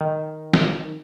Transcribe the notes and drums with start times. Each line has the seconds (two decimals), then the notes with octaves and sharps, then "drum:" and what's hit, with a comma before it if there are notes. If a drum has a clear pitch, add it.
0.01 D#3
0.53 drum: snare